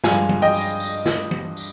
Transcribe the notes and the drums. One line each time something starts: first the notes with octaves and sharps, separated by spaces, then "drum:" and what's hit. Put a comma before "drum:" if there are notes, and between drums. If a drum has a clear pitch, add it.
G2 F3 G#3 F5 G#5, drum: snare
drum: tom E3
D#5 G5
drum: tambourine
drum: tambourine
drum: snare
drum: tom E3
drum: tambourine